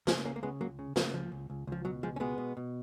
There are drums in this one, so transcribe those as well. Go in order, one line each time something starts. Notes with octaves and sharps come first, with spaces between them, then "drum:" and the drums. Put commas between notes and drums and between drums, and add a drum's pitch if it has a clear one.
C#3 F3 G#3, drum: snare
C#2 A#3 C#4
A#3
C#3 G#3 B3
C#2 F#3 A#3
C#3
C#3 F3, drum: snare
C#2 F3
C#2
C#2
C#2 F3
B2 F#3
C#2 F3 G#3
C#4
B2 G#3 B3
B2
B2